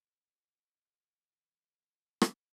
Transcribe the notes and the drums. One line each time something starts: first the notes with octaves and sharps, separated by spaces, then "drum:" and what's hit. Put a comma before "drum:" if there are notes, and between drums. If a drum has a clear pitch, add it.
E3
drum: rim click